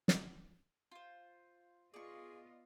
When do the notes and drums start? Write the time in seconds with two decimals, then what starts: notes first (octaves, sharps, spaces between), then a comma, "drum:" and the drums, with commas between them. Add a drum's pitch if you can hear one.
0.08 drum: snare
0.91 F4 C5
1.94 B3 F4 G#4 D5 D#5 C#6